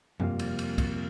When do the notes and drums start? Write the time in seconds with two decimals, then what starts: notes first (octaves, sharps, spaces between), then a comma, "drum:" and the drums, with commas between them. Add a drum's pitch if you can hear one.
0.20 F2 C3 G3 A#3 F4, drum: tom F#2
0.39 drum: cymbal
0.59 drum: cymbal
0.78 drum: kick B1, cymbal